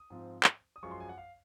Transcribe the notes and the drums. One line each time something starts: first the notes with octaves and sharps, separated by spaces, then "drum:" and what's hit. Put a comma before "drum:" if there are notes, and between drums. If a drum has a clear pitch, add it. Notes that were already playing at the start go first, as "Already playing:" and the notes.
Already playing: D#6
G#2 F3 C4
drum: clap
D#6
F#2 F3 G#3 C#6
C6
G#5
F#5
F5